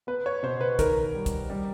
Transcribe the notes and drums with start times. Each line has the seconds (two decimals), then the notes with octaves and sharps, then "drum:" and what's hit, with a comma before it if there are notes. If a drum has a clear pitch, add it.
0.07 B3 B4
0.26 C#5
0.43 B2 C5
0.61 B4
0.79 D#3 A#4, drum: kick, hi-hat
1.14 G3
1.26 drum: kick, hi-hat
1.50 G3